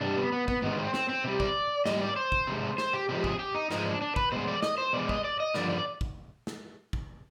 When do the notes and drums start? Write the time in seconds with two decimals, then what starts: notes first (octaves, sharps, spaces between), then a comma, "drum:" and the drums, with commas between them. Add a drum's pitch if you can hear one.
0.01 C3 G3 D4
0.17 B3
0.32 B3
0.48 B3, drum: kick
0.62 G#2 D#3 G#3 B3
0.78 C4
0.94 C4, drum: snare
1.09 C4
1.24 C3 G3 G4
1.40 D5, drum: kick
1.86 G#2 G3 D#5, drum: snare
2.01 D5
2.16 C5
2.32 drum: kick
2.47 C3 F3 G#3
2.78 C5, drum: snare
2.93 G4
3.09 C3 F3 G#3 G4
3.24 G#4, drum: kick
3.39 G4
3.55 D#4
3.71 G#2 F3 G#3 D#4, drum: snare
3.86 D4
4.01 D4
4.16 B4, drum: kick
4.32 B2 G#3 C5
4.48 D5
4.63 D#5, drum: snare
4.78 C5
4.93 B2 G#3 D5
5.09 D#5, drum: kick
5.24 D5
5.40 D#5
5.54 G2 D3 F3 D5, drum: snare
5.70 D5
6.01 drum: kick
6.47 drum: snare
6.93 drum: kick